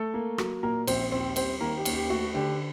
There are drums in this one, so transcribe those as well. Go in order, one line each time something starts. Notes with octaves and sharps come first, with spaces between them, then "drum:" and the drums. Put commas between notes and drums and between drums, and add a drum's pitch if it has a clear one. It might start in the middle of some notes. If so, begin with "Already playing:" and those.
Already playing: A3 A4
A#3
F#3, drum: rim click
A#2 A#3 A#4
A#1 C4 C5, drum: cymbal
D#2 C4 C5
G3 C4 C5, drum: cymbal
D#3 A#3 A#4
G4
D#2, drum: cymbal
G4
A3 F#4
D3 G4